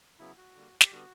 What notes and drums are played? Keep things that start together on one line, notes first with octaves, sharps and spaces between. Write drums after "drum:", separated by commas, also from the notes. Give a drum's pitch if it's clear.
C#3 F#3 B3 E4
F#4
D3 G3 A#3
G4, drum: snare
D3 G3 B3 F#4